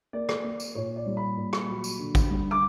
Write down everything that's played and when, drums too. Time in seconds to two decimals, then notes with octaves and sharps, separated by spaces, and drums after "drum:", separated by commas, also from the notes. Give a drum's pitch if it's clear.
0.13 A#3 D5
0.29 drum: rim click
0.44 A#3
0.60 drum: tambourine
0.75 A#2 C#5
0.96 D5
1.06 G3
1.17 B5
1.37 A#2
1.53 drum: rim click
1.68 F#3
1.84 drum: tambourine
1.99 D3
2.15 drum: kick, tambourine
2.30 G3
2.51 D6